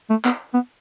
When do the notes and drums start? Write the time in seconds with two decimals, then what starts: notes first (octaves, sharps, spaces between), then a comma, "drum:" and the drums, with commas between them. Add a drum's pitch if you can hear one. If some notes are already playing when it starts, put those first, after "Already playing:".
0.10 A3
0.25 B3, drum: clap
0.54 B3